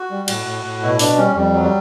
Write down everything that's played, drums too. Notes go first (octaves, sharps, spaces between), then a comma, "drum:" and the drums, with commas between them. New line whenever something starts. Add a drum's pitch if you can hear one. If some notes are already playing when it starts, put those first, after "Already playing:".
Already playing: F#4
G3
A2, drum: cymbal
A2
A2
B2 E4
B2 D4, drum: open hi-hat
G3 C#4
F2 G3
F#3
G3